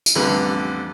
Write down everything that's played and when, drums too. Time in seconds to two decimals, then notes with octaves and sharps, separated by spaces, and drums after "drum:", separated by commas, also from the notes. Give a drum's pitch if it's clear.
0.06 drum: tambourine
0.15 A1 F2 D3 G3 B4 F#6